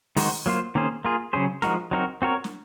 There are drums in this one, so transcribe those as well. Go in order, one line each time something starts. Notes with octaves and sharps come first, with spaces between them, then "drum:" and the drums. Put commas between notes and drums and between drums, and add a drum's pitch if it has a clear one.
D#3 G#3 D#4 F#4 C5, drum: open hi-hat
F#3 A#3 F4 C5
D#3 A#3 C#4 G#4 C5
A#3 F4 G#4
C#3 F#3 C#4 G#4 C5
F3 G#3 D#4 F#4 A#4, drum: snare
F#3 C4 D#4 F#4 A#4
C4 F#4 A#4 C#5
drum: snare